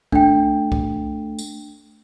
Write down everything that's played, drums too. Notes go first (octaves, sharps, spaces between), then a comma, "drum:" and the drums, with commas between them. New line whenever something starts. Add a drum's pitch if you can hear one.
A3 D4 G5, drum: kick C2
drum: kick C2
drum: tambourine